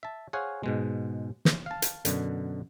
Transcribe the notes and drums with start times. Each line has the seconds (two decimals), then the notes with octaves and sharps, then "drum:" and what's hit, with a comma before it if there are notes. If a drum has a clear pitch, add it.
0.03 E5 A5
0.33 G#4 C5 C#5 F5 F#5 G#5
0.63 G#2 B2 G#3
1.45 drum: snare
1.66 F5 A5
1.82 drum: hi-hat
2.05 F#2 B2 D3, drum: hi-hat